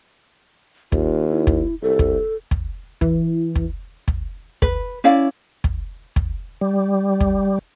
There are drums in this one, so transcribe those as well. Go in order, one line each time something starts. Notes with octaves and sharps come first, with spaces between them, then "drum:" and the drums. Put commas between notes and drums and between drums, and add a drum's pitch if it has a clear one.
D#2 F4, drum: kick
E4
drum: kick
C2 A4
drum: kick
drum: kick
E3, drum: kick
drum: kick
drum: kick
B4, drum: kick
C#4 E4 D5 F5
drum: kick
drum: kick
G3
drum: kick